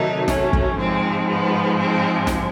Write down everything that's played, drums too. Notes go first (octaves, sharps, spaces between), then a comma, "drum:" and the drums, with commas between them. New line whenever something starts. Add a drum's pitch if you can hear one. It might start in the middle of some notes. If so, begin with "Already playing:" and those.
Already playing: C3 D#3 F#3 A3 D#4
C#4, drum: snare
drum: kick
G#2 F3 G#3 C4
B3
C4
drum: snare